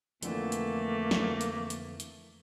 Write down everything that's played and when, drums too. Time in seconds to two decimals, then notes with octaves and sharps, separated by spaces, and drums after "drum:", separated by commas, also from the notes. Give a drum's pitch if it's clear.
0.23 F2 D3 E3 A3 A#3, drum: hi-hat
0.52 drum: hi-hat
1.11 drum: snare
1.41 drum: hi-hat
1.70 drum: hi-hat
2.00 drum: hi-hat